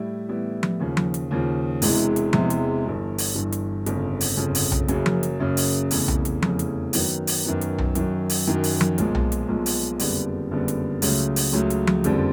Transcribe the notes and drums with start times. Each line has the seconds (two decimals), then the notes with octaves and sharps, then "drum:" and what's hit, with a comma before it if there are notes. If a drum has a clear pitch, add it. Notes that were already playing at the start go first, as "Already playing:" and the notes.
Already playing: A2 G3 E4
0.29 A2 E3 G3 B3 E4
0.63 drum: tom F3
0.80 D#2 C#3 F3
0.97 drum: tom F3
1.14 drum: hi-hat
1.31 D#2 C#3 F3
1.82 E1 E2 C3 E3 G#3, drum: open hi-hat
2.16 drum: hi-hat
2.33 E1 E2 C3 E3 G#3, drum: tom F3
2.50 drum: hi-hat
2.84 G1 G2 E3
3.18 drum: open hi-hat
3.35 G1 G2 E3
3.52 drum: hi-hat
3.86 G1 F2 C#3, drum: hi-hat
4.21 drum: open hi-hat
4.37 G1 F2 C#3
4.55 drum: open hi-hat
4.72 drum: tom B1
4.88 F#1 F#2 C#3 F#3, drum: hi-hat
5.06 drum: tom F3
5.23 drum: hi-hat
5.40 F#1 F#2 C#3 F#3
5.57 drum: open hi-hat
5.91 F1 E2 C#3, drum: open hi-hat
6.08 drum: tom B1
6.25 drum: hi-hat
6.42 F1 E2 C#3, drum: tom F3
6.59 drum: hi-hat
6.93 F#2 D#3 F#3 B3, drum: open hi-hat
7.27 drum: open hi-hat
7.45 F#2 D#3 F#3 B3
7.61 drum: hi-hat
7.78 drum: tom B1
7.95 F#2 D#3 F#3, drum: hi-hat
8.30 drum: open hi-hat
8.47 F#2 D#3 F#3
8.64 drum: open hi-hat
8.81 drum: tom F3
8.98 B1 A#2 F3 G#3, drum: hi-hat
9.15 drum: tom B1
9.32 drum: hi-hat
9.49 B1 A#2 F3 G#3
9.66 drum: open hi-hat
10.00 F#1 F2 D3 G3 B3, drum: open hi-hat
10.51 F#1 F2 D3 G3 B3
10.68 drum: hi-hat
11.02 C#2 C#3 F#3 A3, drum: open hi-hat
11.36 drum: open hi-hat
11.53 C#2 C#3 F#3 A3
11.70 drum: hi-hat
11.87 drum: tom F3
12.04 F#1 F2 D3 G3 C4, drum: hi-hat